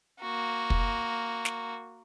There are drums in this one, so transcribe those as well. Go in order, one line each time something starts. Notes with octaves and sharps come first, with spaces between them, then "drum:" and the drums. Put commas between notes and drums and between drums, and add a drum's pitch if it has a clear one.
A#3 F#4
drum: kick
drum: snare